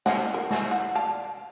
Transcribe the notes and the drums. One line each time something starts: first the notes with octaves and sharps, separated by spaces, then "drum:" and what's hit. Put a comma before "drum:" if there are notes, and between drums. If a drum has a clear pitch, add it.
C#4 D4 F#5, drum: snare
A#4
drum: snare
F#5
D5 F5 A5